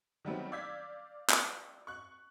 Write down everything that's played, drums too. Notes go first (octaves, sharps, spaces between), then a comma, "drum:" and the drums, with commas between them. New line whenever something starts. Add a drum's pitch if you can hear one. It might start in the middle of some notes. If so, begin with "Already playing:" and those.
D#3 F#3 G3 A3 B3 C4
D5 F5 E6 G6 G#6 B6
drum: clap
C#6 F#6